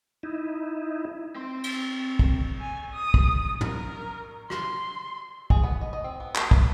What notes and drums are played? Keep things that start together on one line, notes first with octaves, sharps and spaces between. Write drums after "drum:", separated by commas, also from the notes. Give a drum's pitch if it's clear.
D#4 E4
C4 C6
drum: cymbal
drum: kick
G#5
D#6
drum: kick
A#4, drum: tom
C6, drum: rim click
G#4, drum: kick
B3
D#5
D#5
C4
B3
A3, drum: clap
B5, drum: kick